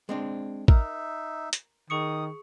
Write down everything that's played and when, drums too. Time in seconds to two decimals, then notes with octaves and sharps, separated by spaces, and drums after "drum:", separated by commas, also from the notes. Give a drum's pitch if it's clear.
0.09 G#3 C4 D4
0.68 D#4 A#4 E5, drum: kick A1
1.53 drum: hi-hat
1.90 D#3 G#4 C#6 D#6 C#7